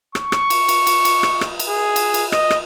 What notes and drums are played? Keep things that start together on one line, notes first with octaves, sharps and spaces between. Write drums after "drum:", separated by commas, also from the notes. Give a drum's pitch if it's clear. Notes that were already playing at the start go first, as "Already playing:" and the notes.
C#6, drum: rim click
drum: rim click
drum: cymbal
drum: cymbal
drum: cymbal
drum: cymbal
drum: rim click
drum: rim click
drum: cymbal
G#4
drum: cymbal
drum: cymbal
D#5, drum: rim click
drum: rim click